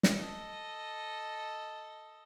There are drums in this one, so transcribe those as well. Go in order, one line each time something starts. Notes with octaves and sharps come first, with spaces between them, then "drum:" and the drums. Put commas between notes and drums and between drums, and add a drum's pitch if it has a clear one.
drum: snare
A4 D#5